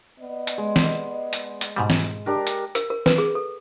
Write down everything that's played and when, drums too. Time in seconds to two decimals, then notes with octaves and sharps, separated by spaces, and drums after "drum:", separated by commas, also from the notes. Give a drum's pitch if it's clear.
0.20 B3 D5 D#5
0.47 drum: hi-hat
0.58 G#3
0.76 drum: snare
1.33 drum: hi-hat
1.61 drum: hi-hat
1.76 G#2 B2 G3
1.90 drum: snare
2.26 D4 G4 A#4
2.47 drum: hi-hat
2.75 A#4, drum: hi-hat
2.90 A#4
3.06 B4, drum: snare
3.18 G#4
3.35 A4